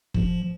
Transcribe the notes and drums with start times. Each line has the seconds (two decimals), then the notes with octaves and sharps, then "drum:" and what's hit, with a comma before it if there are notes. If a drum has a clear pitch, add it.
0.14 F3, drum: kick